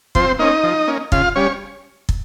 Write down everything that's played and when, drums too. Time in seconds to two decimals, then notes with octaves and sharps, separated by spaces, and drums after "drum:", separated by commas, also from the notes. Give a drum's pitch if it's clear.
0.15 F3 C4 C5, drum: kick
0.39 A#3 C#4 D#4 D#5
0.64 F3
0.88 A#3 C#4
1.12 C#3 F4 F5, drum: kick
1.35 G3 C#4 C#5
2.09 drum: kick